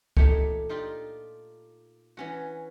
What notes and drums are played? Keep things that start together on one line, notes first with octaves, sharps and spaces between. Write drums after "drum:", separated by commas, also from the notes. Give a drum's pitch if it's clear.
A#2 A3 D#4 G4 C#5, drum: kick C#2
D#4 F4 G4 D5
E3 C#4 F#4